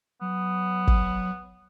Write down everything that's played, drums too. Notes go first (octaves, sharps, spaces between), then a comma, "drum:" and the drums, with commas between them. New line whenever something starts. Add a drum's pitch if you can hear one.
F#3 B3
drum: kick